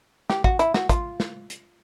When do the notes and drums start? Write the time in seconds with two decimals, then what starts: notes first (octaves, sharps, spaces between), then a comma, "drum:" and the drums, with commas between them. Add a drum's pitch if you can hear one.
0.30 G4, drum: snare
0.44 F#4, drum: kick
0.59 E4, drum: hi-hat
0.74 F#4, drum: snare
0.89 F4, drum: kick, hi-hat
1.20 drum: snare
1.50 drum: hi-hat